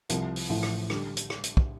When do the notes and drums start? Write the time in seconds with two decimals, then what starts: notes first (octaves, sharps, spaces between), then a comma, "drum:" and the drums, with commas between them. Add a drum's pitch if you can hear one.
0.09 C2 C3 F3 C4, drum: hi-hat
0.36 drum: open hi-hat
0.49 A1 A2 F3
0.63 drum: rim click
0.90 D3 G3, drum: rim click
1.17 drum: hi-hat
1.30 drum: rim click
1.44 drum: hi-hat
1.57 drum: kick